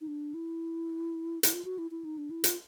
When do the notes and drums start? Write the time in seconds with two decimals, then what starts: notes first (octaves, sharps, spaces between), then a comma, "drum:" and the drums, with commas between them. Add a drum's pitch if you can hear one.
0.01 D#4
0.08 D4
0.34 E4
1.43 E4, drum: hi-hat
1.53 F4
1.65 F#4
1.78 E4
1.91 E4
2.04 D#4
2.18 D4
2.30 E4
2.44 F4, drum: hi-hat